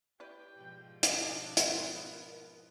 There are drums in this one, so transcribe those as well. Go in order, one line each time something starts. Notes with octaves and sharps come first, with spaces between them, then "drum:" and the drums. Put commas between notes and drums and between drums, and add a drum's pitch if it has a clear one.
E4 G4 B4 D5 G5
G#2 B2 F3
D4 D#5, drum: hi-hat
D#3 B3 C4 G4 A#4, drum: hi-hat